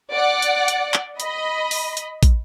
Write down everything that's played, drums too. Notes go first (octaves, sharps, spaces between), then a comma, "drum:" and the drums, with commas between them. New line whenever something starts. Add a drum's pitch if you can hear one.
D5 F#5
drum: hi-hat
drum: hi-hat
drum: clap
D#5 B5, drum: hi-hat
drum: open hi-hat
drum: hi-hat
drum: kick, hi-hat